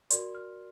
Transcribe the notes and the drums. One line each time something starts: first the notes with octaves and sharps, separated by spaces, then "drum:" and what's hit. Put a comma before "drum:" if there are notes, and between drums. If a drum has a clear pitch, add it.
F#4 A#4 D5 C6, drum: hi-hat
F6